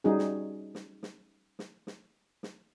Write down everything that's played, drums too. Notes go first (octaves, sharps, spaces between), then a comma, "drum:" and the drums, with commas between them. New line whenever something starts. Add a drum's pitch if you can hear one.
G3 C#4 D#4 F#4 G#4
drum: snare
drum: snare
drum: snare
drum: snare
drum: snare
drum: snare